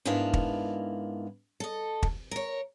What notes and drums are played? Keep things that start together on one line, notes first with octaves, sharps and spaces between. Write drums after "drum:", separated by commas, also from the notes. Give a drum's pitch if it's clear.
G#2 B3 D4 E4 A#4 F5
drum: kick
A4 D#5
drum: kick
A#4 C#5